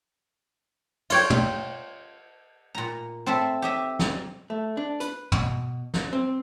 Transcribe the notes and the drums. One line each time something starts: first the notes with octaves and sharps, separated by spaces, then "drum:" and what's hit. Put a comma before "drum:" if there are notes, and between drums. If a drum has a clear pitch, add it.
F4 C#5 G5, drum: cymbal
drum: tom
A#2 A#5
C4 A4 E5
G4 D#5 E5
drum: snare
A3
D4
B4, drum: hi-hat
B2, drum: tom
drum: snare
C4